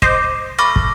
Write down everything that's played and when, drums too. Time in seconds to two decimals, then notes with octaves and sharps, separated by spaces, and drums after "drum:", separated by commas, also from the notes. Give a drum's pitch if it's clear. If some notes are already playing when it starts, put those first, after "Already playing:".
0.02 C5 D#5 D6, drum: kick
0.59 A3 B5 D6 F6 A#6
0.76 drum: kick